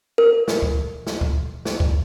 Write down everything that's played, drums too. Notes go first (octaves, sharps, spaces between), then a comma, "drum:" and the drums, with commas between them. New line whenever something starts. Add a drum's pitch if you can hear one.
A#4
drum: snare
drum: kick C#2
drum: snare
drum: kick C#2
drum: snare
drum: kick C#2